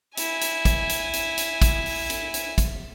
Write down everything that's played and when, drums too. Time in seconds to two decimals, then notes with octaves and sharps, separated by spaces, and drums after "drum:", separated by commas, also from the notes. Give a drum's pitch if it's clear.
0.17 E4 G#5, drum: hi-hat
0.41 drum: hi-hat
0.65 drum: kick, hi-hat
0.89 drum: hi-hat
1.13 drum: hi-hat
1.38 drum: hi-hat
1.62 drum: kick, hi-hat
1.86 drum: open hi-hat
2.10 drum: hi-hat
2.34 drum: hi-hat
2.58 drum: kick, hi-hat